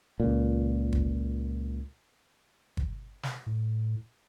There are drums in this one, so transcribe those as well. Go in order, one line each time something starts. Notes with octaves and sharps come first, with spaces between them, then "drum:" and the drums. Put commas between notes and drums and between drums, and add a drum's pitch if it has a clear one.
C#2 A#2
drum: kick
drum: kick
drum: snare
A2